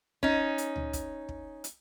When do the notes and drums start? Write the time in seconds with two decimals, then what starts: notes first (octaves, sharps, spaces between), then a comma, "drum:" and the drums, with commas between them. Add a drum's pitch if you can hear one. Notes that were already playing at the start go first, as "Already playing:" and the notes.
0.23 C#4 D#4, drum: kick
0.58 drum: hi-hat
0.76 drum: tom C#2
0.93 drum: kick, hi-hat
1.29 drum: kick
1.64 drum: hi-hat